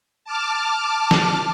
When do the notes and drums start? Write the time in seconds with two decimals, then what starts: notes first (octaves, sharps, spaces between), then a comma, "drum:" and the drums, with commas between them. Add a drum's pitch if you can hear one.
0.25 A5 D6 F6
1.11 drum: snare